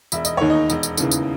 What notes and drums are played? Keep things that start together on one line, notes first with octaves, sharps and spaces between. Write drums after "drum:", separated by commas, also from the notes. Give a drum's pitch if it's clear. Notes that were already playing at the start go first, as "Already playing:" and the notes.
E1 E5, drum: tambourine
D#5, drum: tambourine
D#2 D#3 C#5
D#4 D#5
E1, drum: tambourine
drum: tambourine
D#2 C#3 E3, drum: tambourine
drum: tambourine